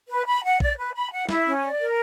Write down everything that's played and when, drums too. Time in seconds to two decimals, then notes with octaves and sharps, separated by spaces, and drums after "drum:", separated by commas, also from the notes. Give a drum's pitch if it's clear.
0.09 B4
0.26 B5
0.43 F#5
0.60 D5, drum: kick A#1
0.77 B4
0.94 B5
1.11 F#5
1.29 E4, drum: snare
1.45 C#4
1.63 D5
1.79 A#4